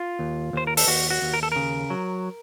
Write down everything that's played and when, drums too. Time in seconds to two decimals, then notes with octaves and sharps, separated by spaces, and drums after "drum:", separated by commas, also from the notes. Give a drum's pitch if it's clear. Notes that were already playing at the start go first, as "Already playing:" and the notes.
Already playing: F4
0.19 D#2
0.53 D#2 C5
0.67 A#4
0.77 A4, drum: open hi-hat
0.87 D#2 F#4
1.10 F#4
1.22 D#2
1.34 A#4
1.43 A4
1.52 C#3 A#4
1.90 F#3